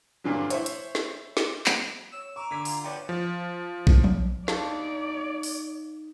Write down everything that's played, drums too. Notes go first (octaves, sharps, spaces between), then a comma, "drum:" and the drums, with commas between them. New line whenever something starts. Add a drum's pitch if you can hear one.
G2 A#2 D3 F#3
E4 C5 C#5, drum: hi-hat
drum: hi-hat
drum: snare
drum: snare
drum: clap
C#5 E6
A#5 C#6 D6 E6
D3 G#5 D6 B6
F4, drum: open hi-hat
F3 B3 C#4 B4 C#5 D5 G5
F3
drum: kick A#1
drum: tom F3
D4 D#4 D5 F5 A5 C#6, drum: snare
drum: open hi-hat